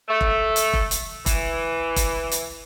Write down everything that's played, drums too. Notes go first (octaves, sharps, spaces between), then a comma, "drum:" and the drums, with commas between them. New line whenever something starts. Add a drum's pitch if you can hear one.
A3
drum: kick F1
drum: hi-hat
drum: kick F1
drum: hi-hat
E3, drum: kick F1, hi-hat
drum: kick F1, hi-hat
drum: hi-hat